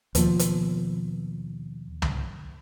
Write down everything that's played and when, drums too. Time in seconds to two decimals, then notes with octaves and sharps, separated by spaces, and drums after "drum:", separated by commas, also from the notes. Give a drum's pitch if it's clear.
0.15 D#2 B2 F3, drum: hi-hat
0.39 drum: hi-hat
2.02 drum: tom